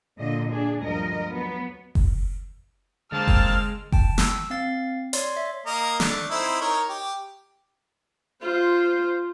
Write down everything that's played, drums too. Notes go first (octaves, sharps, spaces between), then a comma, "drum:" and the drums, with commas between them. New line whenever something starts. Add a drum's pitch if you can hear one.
A#2 D3 D#5
D4 G#4
D2 G2 F3 G3 A#4 D#5
F#3 B3
drum: kick F#1
D3 G#3 A#3 C4 A5 F6
drum: kick F#1
G5 A5, drum: kick F#1
E6, drum: snare
C4 F5 A6
C#5 D5 C6, drum: hi-hat
E5
A#3 D#5 A#5
A3 D4, drum: snare
C4 D#4 E4
D#4 A#4 C#5
G4
F4 C5